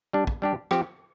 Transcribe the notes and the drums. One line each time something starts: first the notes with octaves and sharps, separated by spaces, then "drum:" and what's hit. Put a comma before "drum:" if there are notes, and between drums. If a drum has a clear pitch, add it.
G3 D4 G4
drum: kick
G3 D4 G4
F3 C4 G4 C5, drum: rim click